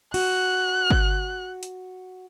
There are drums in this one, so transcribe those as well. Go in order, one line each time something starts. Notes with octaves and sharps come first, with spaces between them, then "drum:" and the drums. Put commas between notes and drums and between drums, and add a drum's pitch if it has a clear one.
F#4 F#6, drum: cymbal
drum: kick G1
drum: hi-hat